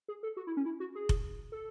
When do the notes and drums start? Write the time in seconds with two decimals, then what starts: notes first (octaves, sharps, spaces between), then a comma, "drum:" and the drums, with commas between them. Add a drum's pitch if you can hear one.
0.08 G#4
0.23 A4
0.37 F#4
0.47 E4
0.57 C#4
0.65 E4
0.80 F#4
0.95 G#4
1.09 drum: kick F1
1.52 A4